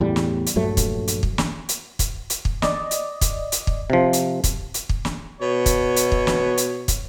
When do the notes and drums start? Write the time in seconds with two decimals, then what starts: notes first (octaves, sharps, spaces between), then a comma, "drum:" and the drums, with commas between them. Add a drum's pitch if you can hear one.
0.01 E2 A2 G3
0.16 drum: snare
0.46 drum: hi-hat
0.56 A#1 G2 F#3 A3
0.77 drum: kick, hi-hat
1.08 drum: hi-hat
1.23 drum: kick
1.38 drum: snare
1.69 drum: hi-hat
1.99 drum: kick, hi-hat
2.30 drum: hi-hat
2.45 drum: kick
2.62 D5 D#5, drum: snare
2.91 drum: hi-hat
3.21 drum: kick, hi-hat
3.52 drum: hi-hat
3.67 drum: kick
3.90 C3 F3
4.13 drum: hi-hat
4.44 drum: kick, hi-hat
4.74 drum: hi-hat
4.89 drum: kick
5.05 drum: snare
5.41 B2 C#5
5.66 drum: kick, hi-hat
5.96 drum: hi-hat
6.12 drum: kick
6.27 drum: snare
6.57 drum: hi-hat
6.88 drum: kick, hi-hat